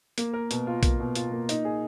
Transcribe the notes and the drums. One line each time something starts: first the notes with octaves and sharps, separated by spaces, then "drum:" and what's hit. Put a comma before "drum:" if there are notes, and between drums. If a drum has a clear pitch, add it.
A#3, drum: hi-hat
A#4
B2, drum: hi-hat
F4
A#3, drum: kick B1, hi-hat
B2
F4, drum: hi-hat
A#3
D#4, drum: hi-hat
G#4